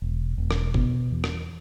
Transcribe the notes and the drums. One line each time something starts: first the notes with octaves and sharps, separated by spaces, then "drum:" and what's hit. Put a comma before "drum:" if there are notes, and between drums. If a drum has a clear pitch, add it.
E1
E1
drum: rim click
B2, drum: kick
E2
drum: rim click